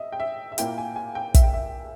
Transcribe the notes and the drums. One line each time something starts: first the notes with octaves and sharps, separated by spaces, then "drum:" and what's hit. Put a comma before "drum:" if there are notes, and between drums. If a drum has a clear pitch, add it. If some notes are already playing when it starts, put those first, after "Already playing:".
Already playing: D#5 E5
G5
E5
E5
A#2 A#3 E4 G5, drum: hi-hat
G#5
G#5
G5
E5, drum: kick, hi-hat
G5
E5